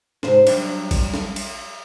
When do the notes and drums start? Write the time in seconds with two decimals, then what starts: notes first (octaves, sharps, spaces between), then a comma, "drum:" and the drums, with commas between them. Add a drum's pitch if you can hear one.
0.23 G#2 C3 C5, drum: snare
0.47 F#3 G3 D4, drum: cymbal
0.91 drum: kick A1, cymbal
1.14 drum: snare
1.36 drum: cymbal